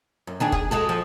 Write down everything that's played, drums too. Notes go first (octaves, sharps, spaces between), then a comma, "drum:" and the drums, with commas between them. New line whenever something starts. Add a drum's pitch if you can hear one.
F#2
D#3 D4 G#4
G#4, drum: kick
G#3 F#4 A4
F3